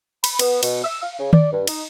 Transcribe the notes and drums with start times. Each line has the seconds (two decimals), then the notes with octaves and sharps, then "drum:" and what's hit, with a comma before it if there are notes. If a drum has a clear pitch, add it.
0.24 B5, drum: cymbal
0.39 B3, drum: cymbal
0.63 B2, drum: cymbal
0.84 E6
1.03 F5
1.19 C#3
1.33 D5, drum: tom D#3
1.53 G2
1.67 D#4, drum: cymbal